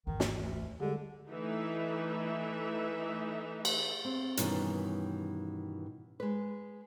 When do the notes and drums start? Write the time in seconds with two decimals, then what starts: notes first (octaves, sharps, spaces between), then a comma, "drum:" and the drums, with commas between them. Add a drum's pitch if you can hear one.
0.07 G#1 E2 D#3
0.20 drum: snare
0.37 D2
0.80 D3 G3 G#3
1.30 E3 A3 D#4 E5
3.65 drum: cymbal
4.05 C4
4.37 G2 B2 D#3 E3 C#4, drum: hi-hat
6.20 G#3 B4